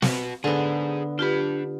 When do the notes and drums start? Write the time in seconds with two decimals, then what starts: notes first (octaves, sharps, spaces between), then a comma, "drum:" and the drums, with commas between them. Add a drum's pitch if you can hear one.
0.02 F#4 B4, drum: snare
0.44 D3 B3 G#4 C5
1.19 D4 F4 G4 B4 B5